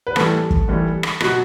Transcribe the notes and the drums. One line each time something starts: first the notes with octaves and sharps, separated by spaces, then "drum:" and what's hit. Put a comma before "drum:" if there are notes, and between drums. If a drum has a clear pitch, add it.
B4
A2 E3 G3 A4, drum: rim click
drum: kick
A2 E3 G3
drum: rim click
B2 F#3 F#4, drum: rim click